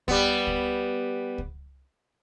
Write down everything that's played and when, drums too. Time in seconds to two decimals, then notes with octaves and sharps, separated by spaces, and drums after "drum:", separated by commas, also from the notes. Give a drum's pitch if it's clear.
0.08 G3 B3, drum: kick C#2
0.47 drum: kick C#2
1.38 drum: kick C#2